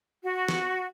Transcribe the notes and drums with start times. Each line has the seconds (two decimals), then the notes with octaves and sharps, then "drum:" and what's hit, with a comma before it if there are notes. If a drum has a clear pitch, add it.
0.23 F#4
0.49 drum: snare